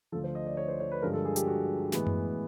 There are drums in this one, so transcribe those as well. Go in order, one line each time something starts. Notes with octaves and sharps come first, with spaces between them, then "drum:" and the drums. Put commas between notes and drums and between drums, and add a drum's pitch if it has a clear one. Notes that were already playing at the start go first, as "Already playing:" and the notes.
D2 D3 F3 A4
C5
D#5
D5
C#5
C5
C#5
B4
G2 D3 F3 G#3 A#4
A4
G#4
G4, drum: hi-hat
F#4
A2 E3 G#3 B3, drum: snare
drum: tom F#2